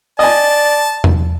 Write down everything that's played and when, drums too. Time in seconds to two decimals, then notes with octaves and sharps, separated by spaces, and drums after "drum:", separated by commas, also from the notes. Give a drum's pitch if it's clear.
0.19 D5 D#5 G#5 A5
1.04 drum: tom E2